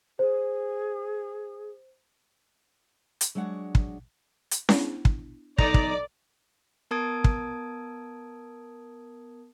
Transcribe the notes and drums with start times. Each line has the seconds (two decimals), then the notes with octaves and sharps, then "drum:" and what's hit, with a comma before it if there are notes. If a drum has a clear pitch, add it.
0.19 G#4 C5
3.21 drum: hi-hat
3.35 F#3 G#3 D4 C#5 F#5
3.75 drum: kick
4.51 drum: hi-hat
4.69 B3 D4 E4, drum: snare C#4
5.05 drum: kick
5.58 B1 D#4 A4 D5 A#5, drum: kick
5.74 drum: kick
6.91 B3 A#4 A5 D#6 G#6 D7
7.24 drum: kick